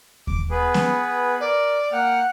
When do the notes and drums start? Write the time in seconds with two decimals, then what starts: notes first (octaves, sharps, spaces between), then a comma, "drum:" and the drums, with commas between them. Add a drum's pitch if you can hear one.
0.27 D6, drum: kick D#2
0.51 B3 G#4 B4
0.74 drum: snare B3
1.40 A#4 D5
1.92 A#3 F#5 G5 F6